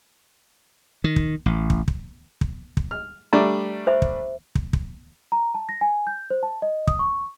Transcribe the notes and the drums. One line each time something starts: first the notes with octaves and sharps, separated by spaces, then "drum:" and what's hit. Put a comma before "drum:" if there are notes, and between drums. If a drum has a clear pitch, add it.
D#3
drum: kick
A1
drum: kick
drum: kick
drum: kick
drum: kick
F6
G3 A3 D4 A#5
C5 E5
drum: kick
drum: kick
drum: kick
A#5
A5
A#6
G#5
G6
C5
A5
D#5
D#6, drum: kick
C#6